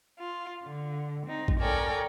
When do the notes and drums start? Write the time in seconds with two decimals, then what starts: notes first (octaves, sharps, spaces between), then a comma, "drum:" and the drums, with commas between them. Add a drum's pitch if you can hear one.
0.19 F4
0.62 D3
1.26 C4 D#4
1.48 drum: kick A1
1.60 A4 A#4 C#5 D5 G5 G#5